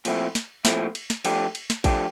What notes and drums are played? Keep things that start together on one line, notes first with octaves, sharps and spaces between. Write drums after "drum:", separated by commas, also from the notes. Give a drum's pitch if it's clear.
A#2 F3 A3 C4 E4, drum: cymbal
drum: snare
A#2 F3 A3 C4 E4, drum: snare
drum: cymbal
drum: snare
F3 A3 D4 G4, drum: cymbal
drum: cymbal
drum: snare
F3 A3 D4 G4, drum: kick A1, cymbal